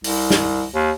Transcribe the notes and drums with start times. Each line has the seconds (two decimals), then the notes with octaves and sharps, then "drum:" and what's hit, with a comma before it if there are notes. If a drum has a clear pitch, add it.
0.04 C2, drum: open hi-hat
0.30 drum: snare
0.75 D#2